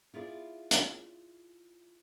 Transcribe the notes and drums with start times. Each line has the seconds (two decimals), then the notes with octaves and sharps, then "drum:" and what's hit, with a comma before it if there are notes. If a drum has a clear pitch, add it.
0.14 E4 F4 G#4 D5
0.71 drum: hi-hat